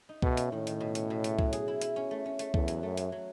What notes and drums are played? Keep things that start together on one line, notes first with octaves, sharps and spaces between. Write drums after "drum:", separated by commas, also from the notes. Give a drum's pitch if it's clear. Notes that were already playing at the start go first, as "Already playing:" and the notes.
D#4
B2 A3, drum: kick C2
C#4, drum: hi-hat
A2 D#3
D#3, drum: hi-hat
B2
C#4, drum: hi-hat
B2
A3, drum: hi-hat
F#3, drum: kick C2
G#4, drum: hi-hat
E4
E4, drum: hi-hat
C#4
A3
C#4
A3, drum: hi-hat
E2 A3, drum: kick C2
F#3, drum: hi-hat
F#2 A3
F#3, drum: hi-hat
F#3